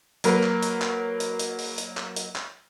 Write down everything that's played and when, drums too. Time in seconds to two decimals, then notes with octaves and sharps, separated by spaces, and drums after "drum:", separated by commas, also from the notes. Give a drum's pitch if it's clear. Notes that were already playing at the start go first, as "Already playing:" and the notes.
0.24 F#3 A#3 A#4 B4, drum: hi-hat
0.43 drum: clap
0.62 drum: hi-hat
0.82 drum: clap
1.20 drum: hi-hat
1.39 drum: hi-hat
1.59 drum: open hi-hat
1.78 drum: hi-hat
1.97 drum: clap
2.16 drum: hi-hat
2.36 drum: clap